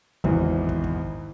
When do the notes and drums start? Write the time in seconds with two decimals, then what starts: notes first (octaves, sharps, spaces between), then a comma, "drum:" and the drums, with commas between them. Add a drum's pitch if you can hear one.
0.24 G#1 E2 E3, drum: kick
0.69 drum: kick
0.84 drum: kick